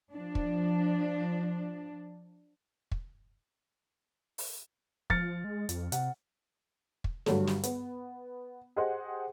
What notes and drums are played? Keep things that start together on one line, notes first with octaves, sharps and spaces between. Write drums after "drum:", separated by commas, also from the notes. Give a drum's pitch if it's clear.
F3 D4
drum: kick
drum: kick
drum: open hi-hat
F3 F6 A6 C#7, drum: kick
G#3
F2, drum: hi-hat
C3 F#5, drum: hi-hat
drum: kick
G2 D3 F#3 G3 A3, drum: snare
drum: snare
B3, drum: hi-hat
G4 G#4 C5 D#5 F#5